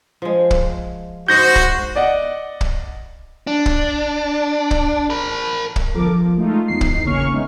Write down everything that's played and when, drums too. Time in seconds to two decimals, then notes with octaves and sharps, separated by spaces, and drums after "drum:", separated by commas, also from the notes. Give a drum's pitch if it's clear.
0.22 F3 G#3
0.51 drum: kick
1.28 G#2 F#4 C5 D#5 G6 A#6
1.56 drum: kick
1.96 D5 D#5 F#5
2.61 drum: kick
3.47 D4
3.66 drum: kick
4.71 drum: kick
5.10 A#4 B5
5.76 drum: kick
5.94 G1 F3 A4 A#4 D6
6.10 F3
6.36 G#3 A3 D#4 F4
6.68 E2 D#4 C7
6.81 drum: kick
7.05 G#1 C#3 A#3 C#4 C#6 F6
7.33 G#3 B3 C#4 D#4 E4